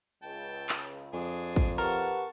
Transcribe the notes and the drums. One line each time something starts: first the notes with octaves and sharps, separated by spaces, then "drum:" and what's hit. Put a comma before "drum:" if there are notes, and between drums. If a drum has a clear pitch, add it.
C#2 G5 A5
drum: clap
F2 D4 G#4
drum: kick
G4 A#4 B4 F#5 A5 C#6